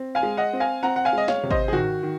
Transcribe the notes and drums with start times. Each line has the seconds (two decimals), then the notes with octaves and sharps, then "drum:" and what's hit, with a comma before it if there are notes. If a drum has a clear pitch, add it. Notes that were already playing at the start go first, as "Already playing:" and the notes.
Already playing: C4
0.15 F5 G#5
0.23 G#3
0.37 D#5 F#5
0.53 C4
0.60 F5 G#5
0.83 C4 F#5 A#5
0.96 F#5
1.05 F5 G#5
1.13 G#3 D#5
1.28 C#5 F5, drum: snare
1.43 C3
1.51 C5 D#5, drum: kick G#1
1.68 G#4
1.73 D#3 F#4, drum: tom
2.03 D#3